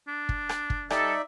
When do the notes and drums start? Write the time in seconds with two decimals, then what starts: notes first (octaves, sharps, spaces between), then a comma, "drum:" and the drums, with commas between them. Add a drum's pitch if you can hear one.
0.08 D4
0.29 drum: kick
0.49 drum: rim click
0.70 drum: kick
0.90 G3 D#4 A4 D5 E5, drum: rim click